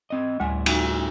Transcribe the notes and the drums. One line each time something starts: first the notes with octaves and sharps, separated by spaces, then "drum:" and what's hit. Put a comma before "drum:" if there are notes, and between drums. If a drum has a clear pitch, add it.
C4 D#5
D2 A2 G3 E5 G#5
drum: cymbal